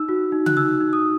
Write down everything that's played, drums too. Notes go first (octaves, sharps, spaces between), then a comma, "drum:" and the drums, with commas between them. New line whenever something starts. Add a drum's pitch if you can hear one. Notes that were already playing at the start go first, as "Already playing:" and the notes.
Already playing: D#4 E6
F#4
D#4
F#6, drum: tom C#3
D#4 E6
D#4
D#6